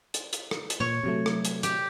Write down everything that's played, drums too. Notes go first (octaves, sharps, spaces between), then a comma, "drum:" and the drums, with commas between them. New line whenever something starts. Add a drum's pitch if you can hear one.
drum: hi-hat
drum: hi-hat
drum: rim click
drum: hi-hat
A#2 C#5
C3 F#3 A3
drum: rim click
drum: hi-hat
G4, drum: hi-hat